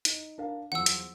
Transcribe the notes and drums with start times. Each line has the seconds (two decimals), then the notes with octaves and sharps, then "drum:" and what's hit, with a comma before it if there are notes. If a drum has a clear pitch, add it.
0.05 D#4, drum: hi-hat
0.38 D4 A#4 F5
0.72 E2 F3 F#3 F#5 E6
0.86 drum: hi-hat